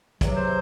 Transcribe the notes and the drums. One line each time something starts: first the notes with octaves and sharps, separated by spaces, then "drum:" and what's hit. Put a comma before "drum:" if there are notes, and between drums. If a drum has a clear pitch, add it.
E2 C3 F#3, drum: kick, hi-hat
C5